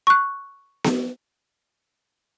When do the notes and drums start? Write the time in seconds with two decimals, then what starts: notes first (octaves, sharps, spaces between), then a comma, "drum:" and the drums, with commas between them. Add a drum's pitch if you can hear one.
0.07 C#6 F#6
0.84 drum: snare B3